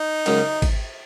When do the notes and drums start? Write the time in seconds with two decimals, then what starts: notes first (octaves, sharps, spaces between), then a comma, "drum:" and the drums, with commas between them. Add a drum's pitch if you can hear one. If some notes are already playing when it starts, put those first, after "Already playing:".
Already playing: D#4
0.26 F#2 C#3 G#3, drum: cymbal
0.62 drum: kick G#1, cymbal